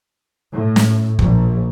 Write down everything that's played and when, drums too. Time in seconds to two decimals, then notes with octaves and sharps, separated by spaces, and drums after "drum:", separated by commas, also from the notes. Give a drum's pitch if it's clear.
0.53 A2
0.76 drum: snare
1.19 A#1, drum: kick